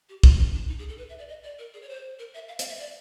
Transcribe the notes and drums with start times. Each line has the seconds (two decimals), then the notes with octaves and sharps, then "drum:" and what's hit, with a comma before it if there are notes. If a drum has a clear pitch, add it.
0.09 G4
0.23 F4, drum: kick
0.38 C#4
0.53 D4
0.68 D#4
0.79 G#4
0.89 A4
0.98 B4
1.09 E5
1.19 D5
1.28 D#5
1.43 D5
1.59 A#4
1.74 G#4
1.82 C#5
1.89 C5
2.19 A#4
2.34 E5
2.48 F5
2.59 F5, drum: hi-hat
2.69 E5
2.79 D5